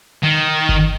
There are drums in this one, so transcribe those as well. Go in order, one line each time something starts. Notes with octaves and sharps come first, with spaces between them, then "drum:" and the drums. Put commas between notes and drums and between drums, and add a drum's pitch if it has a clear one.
D#3
drum: kick G1